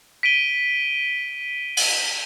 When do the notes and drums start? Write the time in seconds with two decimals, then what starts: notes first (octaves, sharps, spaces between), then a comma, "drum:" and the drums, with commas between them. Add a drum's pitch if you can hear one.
0.23 B6 D7 D#7 G7
1.77 drum: open hi-hat